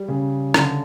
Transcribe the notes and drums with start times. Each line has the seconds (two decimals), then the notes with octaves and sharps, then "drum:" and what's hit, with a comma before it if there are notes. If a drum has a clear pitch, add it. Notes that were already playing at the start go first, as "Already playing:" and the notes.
Already playing: G3
0.08 C#3
0.54 D3, drum: rim click